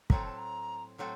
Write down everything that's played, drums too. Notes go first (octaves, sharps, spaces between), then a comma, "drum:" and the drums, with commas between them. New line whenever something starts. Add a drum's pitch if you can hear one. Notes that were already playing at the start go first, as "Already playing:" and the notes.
A2 F#3 C4 F#4 A4 A#5, drum: kick
A5
A#5
A2 F#3 C4 F#4 A4